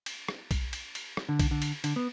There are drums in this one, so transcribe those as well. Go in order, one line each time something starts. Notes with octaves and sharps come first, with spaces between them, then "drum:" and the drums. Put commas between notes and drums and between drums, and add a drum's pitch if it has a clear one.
drum: cymbal
drum: rim click
drum: kick B1, cymbal
drum: cymbal
drum: cymbal
drum: rim click
D3
drum: kick B1, cymbal
D3
drum: cymbal
D3, drum: cymbal
B3